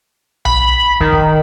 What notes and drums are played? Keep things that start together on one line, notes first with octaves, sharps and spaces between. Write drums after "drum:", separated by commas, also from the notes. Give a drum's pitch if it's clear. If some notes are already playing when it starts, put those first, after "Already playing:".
B5, drum: tom B1
D#3, drum: kick
drum: kick